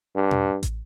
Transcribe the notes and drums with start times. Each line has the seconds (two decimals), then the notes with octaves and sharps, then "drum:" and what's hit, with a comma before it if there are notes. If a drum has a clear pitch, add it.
0.16 G2
0.31 drum: tom A#2
0.63 drum: kick, hi-hat